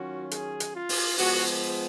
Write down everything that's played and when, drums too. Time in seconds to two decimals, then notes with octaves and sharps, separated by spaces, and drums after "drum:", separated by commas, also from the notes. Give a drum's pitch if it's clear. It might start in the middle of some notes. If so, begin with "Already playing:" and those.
Already playing: D#3 F#3 C#4 F4 F#4
0.31 G#4, drum: hi-hat
0.60 drum: hi-hat
0.74 F4
0.89 drum: open hi-hat
1.18 F3 G#3 B3 F#4, drum: open hi-hat